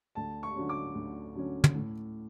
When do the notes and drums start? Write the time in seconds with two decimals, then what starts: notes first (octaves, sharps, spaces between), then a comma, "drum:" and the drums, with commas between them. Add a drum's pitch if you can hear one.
0.15 D2 A5
0.43 C#6
0.56 D3 F#3 C#4
0.69 D6
0.95 D2
1.35 D3 F#3 C#4
1.64 drum: tom
1.75 A2